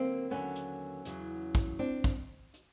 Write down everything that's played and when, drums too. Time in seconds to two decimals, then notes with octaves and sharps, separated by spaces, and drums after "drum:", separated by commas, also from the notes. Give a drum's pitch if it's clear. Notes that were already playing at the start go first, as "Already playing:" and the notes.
Already playing: D#2 D3 F#3 A#3 C4
0.30 D#2 D3 F#3 B3 C#4
0.56 drum: hi-hat
1.05 E2 C#3 F#3, drum: hi-hat
1.55 drum: kick
1.79 C4 D4
2.04 drum: kick
2.54 drum: hi-hat